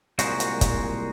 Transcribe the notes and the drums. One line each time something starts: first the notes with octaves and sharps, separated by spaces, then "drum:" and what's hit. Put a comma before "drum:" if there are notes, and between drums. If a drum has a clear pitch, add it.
C2 A#2 G#3 F#4 C5, drum: hi-hat
drum: hi-hat
drum: kick, hi-hat